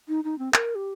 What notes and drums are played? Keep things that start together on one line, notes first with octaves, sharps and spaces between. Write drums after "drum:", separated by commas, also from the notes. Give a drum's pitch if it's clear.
D#4
D#4
C4
A#4, drum: clap
G4